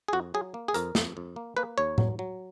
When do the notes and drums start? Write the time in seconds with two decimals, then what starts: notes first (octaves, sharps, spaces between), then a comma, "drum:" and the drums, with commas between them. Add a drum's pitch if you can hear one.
0.08 G#4
0.13 F2 F#4
0.34 F#3 G#4
0.54 A#3
0.68 G#4
0.74 F2 A#4, drum: hi-hat
0.95 F2, drum: snare
1.17 F2
1.36 A#3
1.57 A#3 B4
1.78 D#2 C#5
1.98 F#3, drum: tom A2
2.19 F#3